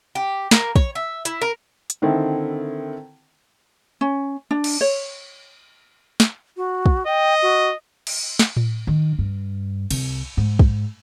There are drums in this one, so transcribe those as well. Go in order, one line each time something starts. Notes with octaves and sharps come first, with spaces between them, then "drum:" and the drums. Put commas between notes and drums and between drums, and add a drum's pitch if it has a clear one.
G4
A#3, drum: snare
C#5, drum: kick
E5
E4, drum: hi-hat
A#4
drum: hi-hat
D3 D#3 C4 E4
C#4
D4
drum: cymbal
C#5
drum: snare
F#4
drum: kick
D#5 G5
F#4
drum: cymbal
drum: snare
drum: tom A2
D#3
G2
C2, drum: cymbal
G#2
drum: kick